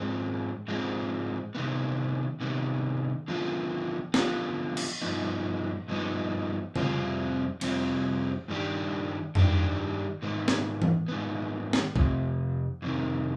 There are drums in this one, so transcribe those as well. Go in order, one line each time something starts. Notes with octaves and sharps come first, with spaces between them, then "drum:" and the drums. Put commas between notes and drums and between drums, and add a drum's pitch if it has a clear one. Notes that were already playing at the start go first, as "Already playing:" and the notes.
Already playing: G#2 F3 G#3 C4
G#2 F3 G#3 C4
C3 D#3 B3
C3 D#3 B3
D3 F3 B3 F4
D3 F3 B3 F4, drum: snare
drum: cymbal
G2 F3 B3 D#4
G2 F3 B3 D#4
F2 C3 G3 C4 F4, drum: tom C#3
F2 C3 G3 C4 F4, drum: cymbal
G2 D#3 G3 D4 G4
G2 D#3 G3 D4 G4, drum: tom F2
G#2 D#3 B3
drum: snare
drum: tom E3
G#2 D#3 B3
drum: snare
F2 C3, drum: kick
F2 C3 D#3